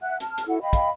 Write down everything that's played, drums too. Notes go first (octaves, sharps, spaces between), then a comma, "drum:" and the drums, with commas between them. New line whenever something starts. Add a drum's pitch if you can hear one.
E5 F#5 F#6
A5 F6, drum: hi-hat
drum: hi-hat
E4 F#4 A4 F#5
D#5 F5 G5 B5
drum: kick, hi-hat